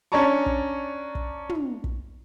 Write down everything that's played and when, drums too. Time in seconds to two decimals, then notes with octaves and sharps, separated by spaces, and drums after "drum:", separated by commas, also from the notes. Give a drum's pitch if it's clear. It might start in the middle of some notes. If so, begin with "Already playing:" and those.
0.12 C#4 D4 D5 A5 A#5 C#6
0.46 drum: kick
1.15 drum: kick
1.49 drum: tom
1.84 drum: kick